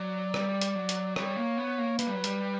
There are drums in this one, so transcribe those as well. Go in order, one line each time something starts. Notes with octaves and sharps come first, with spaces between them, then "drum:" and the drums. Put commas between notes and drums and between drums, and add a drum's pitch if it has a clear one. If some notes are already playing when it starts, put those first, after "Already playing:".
Already playing: F#3 D5
G3, drum: rim click
drum: hi-hat
F#3
drum: hi-hat
G3 C#5, drum: rim click
A#3
B3
A#3
A#3 B4, drum: hi-hat
G3
F#3
G3, drum: hi-hat